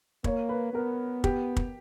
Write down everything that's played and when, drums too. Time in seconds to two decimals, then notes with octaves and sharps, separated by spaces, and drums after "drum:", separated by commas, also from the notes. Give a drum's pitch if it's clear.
0.24 A#3 C#5, drum: kick
0.49 B4
0.74 B3 A#4
1.24 G4, drum: kick
1.57 drum: kick